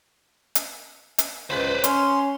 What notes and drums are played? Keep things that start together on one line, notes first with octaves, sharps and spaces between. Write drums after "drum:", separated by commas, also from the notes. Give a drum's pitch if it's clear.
drum: hi-hat
drum: hi-hat
C#2 B4 C5
C#4 C6, drum: hi-hat